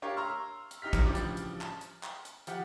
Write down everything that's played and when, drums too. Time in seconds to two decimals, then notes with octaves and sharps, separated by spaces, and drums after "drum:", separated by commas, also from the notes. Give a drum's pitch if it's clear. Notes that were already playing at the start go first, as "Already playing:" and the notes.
0.02 D4 G4 A#4 C#5 F5
0.16 A#5 C6 C#6 E6 F6
0.71 drum: hi-hat
0.82 D#4 G4 F6 B6
0.93 drum: kick, hi-hat
1.06 A1 C#3 F3 G3 D4 D6
1.15 drum: hi-hat
1.37 drum: hi-hat
1.61 A5, drum: clap
1.81 drum: hi-hat
2.03 drum: clap
2.25 drum: hi-hat
2.47 F3 G4 F#5, drum: hi-hat